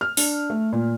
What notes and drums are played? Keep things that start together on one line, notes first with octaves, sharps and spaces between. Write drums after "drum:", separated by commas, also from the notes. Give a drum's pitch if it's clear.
F6
D4, drum: open hi-hat
A3
A#2